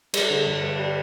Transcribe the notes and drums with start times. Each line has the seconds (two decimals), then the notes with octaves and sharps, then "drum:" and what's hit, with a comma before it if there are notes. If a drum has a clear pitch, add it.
0.14 G3, drum: cymbal
0.30 D3
0.46 G2
0.63 G2
0.79 G3